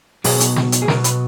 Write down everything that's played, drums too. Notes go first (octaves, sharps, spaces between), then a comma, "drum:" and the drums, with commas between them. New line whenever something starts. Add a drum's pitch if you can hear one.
B2 F#3 B3 G#4, drum: open hi-hat
drum: hi-hat
drum: snare
drum: hi-hat
G#4
B2 F#3 B3 A#4, drum: snare
B4, drum: hi-hat